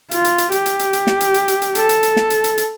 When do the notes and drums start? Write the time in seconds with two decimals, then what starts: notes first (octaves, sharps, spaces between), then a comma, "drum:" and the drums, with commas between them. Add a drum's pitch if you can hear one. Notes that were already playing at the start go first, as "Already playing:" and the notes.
0.11 F4, drum: hi-hat
0.24 drum: hi-hat
0.38 drum: hi-hat
0.52 G4, drum: hi-hat
0.66 drum: hi-hat
0.79 drum: hi-hat
0.93 drum: hi-hat
1.07 drum: snare
1.20 drum: hi-hat
1.34 drum: hi-hat
1.48 drum: hi-hat
1.62 drum: hi-hat
1.75 A4, drum: hi-hat
1.89 drum: hi-hat
2.03 drum: hi-hat
2.16 drum: snare
2.30 drum: hi-hat
2.44 drum: hi-hat
2.58 drum: hi-hat